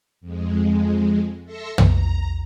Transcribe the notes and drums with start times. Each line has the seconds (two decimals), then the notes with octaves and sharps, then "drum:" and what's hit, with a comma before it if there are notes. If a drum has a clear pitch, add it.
0.21 F2 G#3
1.44 A4 E5 C6 E6 A#6 C#7
1.78 A#5, drum: tom